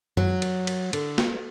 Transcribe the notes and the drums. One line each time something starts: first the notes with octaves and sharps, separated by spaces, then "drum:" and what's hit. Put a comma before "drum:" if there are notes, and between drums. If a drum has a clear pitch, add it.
F#3, drum: tom F#2
drum: cymbal
drum: cymbal
D3, drum: cymbal
drum: snare